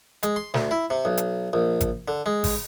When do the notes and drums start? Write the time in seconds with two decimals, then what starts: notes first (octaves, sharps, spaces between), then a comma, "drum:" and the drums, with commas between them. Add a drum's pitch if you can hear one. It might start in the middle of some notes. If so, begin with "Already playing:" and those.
0.23 G#3, drum: hi-hat
0.36 C6
0.54 D2, drum: snare
0.71 E4
0.90 C3
1.05 B1
1.17 drum: hi-hat
1.53 A#1
1.81 drum: kick, hi-hat
2.08 D3
2.26 G#3
2.44 drum: kick, open hi-hat